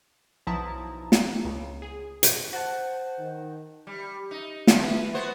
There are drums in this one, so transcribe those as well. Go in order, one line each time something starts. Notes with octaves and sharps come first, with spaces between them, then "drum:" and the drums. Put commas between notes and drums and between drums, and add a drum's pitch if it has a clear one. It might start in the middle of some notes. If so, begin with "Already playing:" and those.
B1 F3 E4 A5 A#5 D#6
F4 A#5, drum: snare
C#2
G#4
drum: hi-hat
F#4 C5 A5
D#3
G3
D#4
D3 F3 A3, drum: snare
E3
B3 F#4 C5